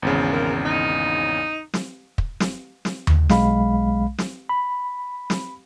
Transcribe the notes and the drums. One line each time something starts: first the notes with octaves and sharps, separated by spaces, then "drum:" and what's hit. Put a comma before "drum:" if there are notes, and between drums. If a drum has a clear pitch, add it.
G#1 E2 C#3
A#4
D#4
drum: snare
drum: kick
drum: snare
drum: snare
drum: tom D#2
B1 G#3 F5 B5, drum: snare
drum: snare
B5
drum: snare